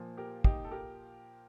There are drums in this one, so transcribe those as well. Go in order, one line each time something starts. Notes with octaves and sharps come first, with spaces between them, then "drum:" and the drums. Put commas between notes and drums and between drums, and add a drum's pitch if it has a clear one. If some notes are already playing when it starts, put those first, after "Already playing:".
Already playing: A#2 F3
G4 A#4
D#4 G4, drum: kick
A4
G4 A#4